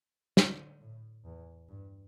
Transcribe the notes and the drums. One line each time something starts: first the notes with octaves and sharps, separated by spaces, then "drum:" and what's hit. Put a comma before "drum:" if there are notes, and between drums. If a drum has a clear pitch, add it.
D3, drum: snare
A2
E2
G2